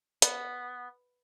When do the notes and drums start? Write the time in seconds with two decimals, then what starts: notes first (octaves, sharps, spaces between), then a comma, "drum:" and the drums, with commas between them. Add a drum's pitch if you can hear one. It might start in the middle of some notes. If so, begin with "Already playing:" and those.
0.22 B3, drum: hi-hat